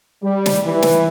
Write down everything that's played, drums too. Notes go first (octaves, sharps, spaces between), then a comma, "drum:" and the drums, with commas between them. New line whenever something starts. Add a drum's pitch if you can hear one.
G3
drum: snare
E3
drum: snare